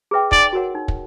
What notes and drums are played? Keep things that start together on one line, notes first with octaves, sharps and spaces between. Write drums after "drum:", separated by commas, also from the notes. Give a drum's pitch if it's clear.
G#4 B4 E5 G5
D#4 D5, drum: kick
F#4 A#4 C#5 F#5
D#4
drum: kick